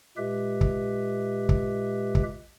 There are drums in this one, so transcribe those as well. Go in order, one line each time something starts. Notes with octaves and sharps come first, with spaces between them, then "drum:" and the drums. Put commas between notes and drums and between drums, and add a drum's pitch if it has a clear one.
A#2 G#3 G4 B4 E5
drum: kick
drum: kick
drum: kick